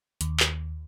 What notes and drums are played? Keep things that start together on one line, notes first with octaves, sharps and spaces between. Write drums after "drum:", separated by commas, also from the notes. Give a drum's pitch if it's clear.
D#2, drum: hi-hat
drum: clap